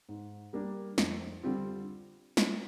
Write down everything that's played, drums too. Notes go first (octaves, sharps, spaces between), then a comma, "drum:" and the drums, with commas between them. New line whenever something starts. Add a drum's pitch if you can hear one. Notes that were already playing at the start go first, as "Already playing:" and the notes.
G#2
G3 A#3 D4
F2, drum: snare
D3 G3 C4 F4
drum: snare